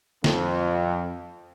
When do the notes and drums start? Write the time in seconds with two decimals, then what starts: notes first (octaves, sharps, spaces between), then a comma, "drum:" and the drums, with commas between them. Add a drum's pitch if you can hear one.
0.24 F2, drum: snare